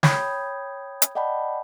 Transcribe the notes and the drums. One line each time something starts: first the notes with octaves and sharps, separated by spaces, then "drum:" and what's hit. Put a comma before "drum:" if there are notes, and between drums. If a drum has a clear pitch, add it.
C#5 G5 B5 D#6 G6 G#6, drum: snare
drum: hi-hat
D5 D#5 F#5 G5 A5 B5